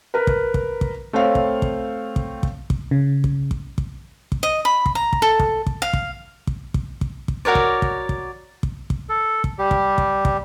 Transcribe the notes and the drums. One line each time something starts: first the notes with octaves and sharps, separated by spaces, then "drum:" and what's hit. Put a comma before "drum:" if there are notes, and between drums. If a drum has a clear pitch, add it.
A#4 B4
drum: kick
drum: kick
drum: kick
A3 C4 C#5 F5
drum: kick
drum: kick
drum: kick
drum: kick
drum: kick
C#3
drum: kick
drum: kick
drum: kick
drum: kick
D#5
B5
drum: kick
A#5
drum: kick
A4
drum: kick
drum: kick
F5
drum: kick
drum: kick
drum: kick
drum: kick
drum: kick
F#4 A#4 C#5 D5
drum: kick
drum: kick
drum: kick
drum: kick
drum: kick
A4
drum: kick
G3 G4
drum: kick
drum: kick
drum: kick